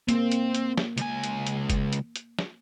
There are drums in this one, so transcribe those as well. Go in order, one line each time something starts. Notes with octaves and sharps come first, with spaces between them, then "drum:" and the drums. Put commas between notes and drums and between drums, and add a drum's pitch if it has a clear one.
A#3 C4, drum: hi-hat
drum: hi-hat
drum: hi-hat
drum: snare
C#2 G#5, drum: hi-hat
drum: hi-hat
drum: hi-hat
drum: kick F#1, hi-hat
drum: hi-hat
drum: hi-hat
drum: snare